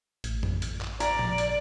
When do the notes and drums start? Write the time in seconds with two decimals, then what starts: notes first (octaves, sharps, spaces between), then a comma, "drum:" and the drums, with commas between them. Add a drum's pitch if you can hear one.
0.24 A1, drum: hi-hat
0.43 drum: tom F2
0.62 drum: hi-hat
0.81 drum: clap
1.00 D5 A#5, drum: hi-hat
1.19 drum: tom A#2
1.38 drum: hi-hat